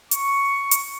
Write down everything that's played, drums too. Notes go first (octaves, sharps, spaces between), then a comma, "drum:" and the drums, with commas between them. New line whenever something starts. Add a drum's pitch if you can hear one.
C#6, drum: hi-hat
drum: hi-hat